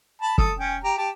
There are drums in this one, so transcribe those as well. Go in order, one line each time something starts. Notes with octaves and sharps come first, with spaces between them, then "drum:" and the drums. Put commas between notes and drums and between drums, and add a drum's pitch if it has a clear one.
A5 B5
A4 D#6, drum: kick
C#4 G5 G#5
G4 A#5
G4 A5